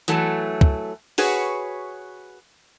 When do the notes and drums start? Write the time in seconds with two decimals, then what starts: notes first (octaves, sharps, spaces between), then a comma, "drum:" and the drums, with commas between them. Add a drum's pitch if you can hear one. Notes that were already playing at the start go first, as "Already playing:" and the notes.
0.08 E3 F#3 A3 A4, drum: hi-hat
0.61 drum: kick
1.18 F#4 G#4 B4 C#5, drum: open hi-hat